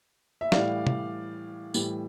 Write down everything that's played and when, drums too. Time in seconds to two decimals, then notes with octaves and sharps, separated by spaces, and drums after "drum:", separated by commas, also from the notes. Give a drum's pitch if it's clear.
0.41 E5
0.52 A2 E3 G3 D5 F5, drum: snare
0.87 drum: tom
1.74 A2 E3 G3, drum: tambourine